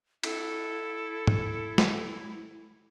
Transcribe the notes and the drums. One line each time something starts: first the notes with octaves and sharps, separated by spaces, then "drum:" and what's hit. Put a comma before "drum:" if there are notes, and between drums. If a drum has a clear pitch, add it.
E4 A4, drum: cymbal
drum: tom
drum: snare